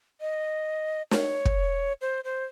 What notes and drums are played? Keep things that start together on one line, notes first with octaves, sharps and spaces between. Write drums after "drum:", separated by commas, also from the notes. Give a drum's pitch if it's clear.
D#5
C#5, drum: snare
drum: kick
C5
C5